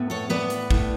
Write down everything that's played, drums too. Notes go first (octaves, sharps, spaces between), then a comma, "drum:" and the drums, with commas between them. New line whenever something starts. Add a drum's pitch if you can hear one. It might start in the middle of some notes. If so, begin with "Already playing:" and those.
Already playing: A2 B3
A4 C#5
B3 B4 D5
drum: hi-hat
A2, drum: kick